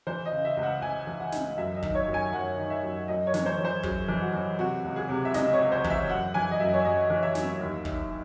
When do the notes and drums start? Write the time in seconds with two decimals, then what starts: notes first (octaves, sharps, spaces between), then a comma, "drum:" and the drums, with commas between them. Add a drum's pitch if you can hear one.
0.07 E3 C5
0.25 D#5
0.32 C#3
0.45 E5
0.57 C#2
0.63 F#5
0.82 C#2 G#5
1.07 E3
1.20 F#5
1.32 C#2, drum: snare
1.57 F#2 E5
1.76 D#5
1.82 D#3, drum: kick
1.95 C#5
2.08 F#2
2.14 G#5
2.26 G#5
2.33 F#2 F#5
2.57 D#3
2.70 E5
2.83 F#2
3.08 F#2 D#5
3.27 C#5
3.34 E3, drum: snare
3.46 C5
3.57 E3 C#5
3.65 C5
3.83 F#2 G#4, drum: kick
4.08 E3
4.21 F#4
4.33 E3
4.59 C3 F#4
4.84 C#2
4.96 G#4
5.09 C3
5.25 E5
5.34 C#2 D#5, drum: snare
5.53 C#5
5.59 C#2
5.72 C5
5.84 E3, drum: kick
5.90 E5
6.09 F#2 F#5
6.34 E3 G#5
6.51 D#5
6.59 F#2 E5
6.74 C#5
6.85 F#2 D#5
7.10 E3
7.23 E5
7.35 F#2, drum: snare
7.60 D#2
7.85 D#3, drum: kick